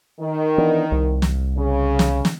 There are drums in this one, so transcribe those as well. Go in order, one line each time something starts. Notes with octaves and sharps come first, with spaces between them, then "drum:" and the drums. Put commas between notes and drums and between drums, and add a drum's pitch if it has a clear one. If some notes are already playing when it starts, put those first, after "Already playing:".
D#3
E3 B3 D4
C2
drum: snare
C#3
drum: snare
drum: snare